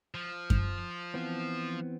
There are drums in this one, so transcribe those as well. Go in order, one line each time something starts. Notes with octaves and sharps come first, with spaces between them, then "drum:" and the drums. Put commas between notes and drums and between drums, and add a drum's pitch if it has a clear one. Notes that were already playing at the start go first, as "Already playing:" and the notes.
F3
drum: kick F#2
E3 B3 C4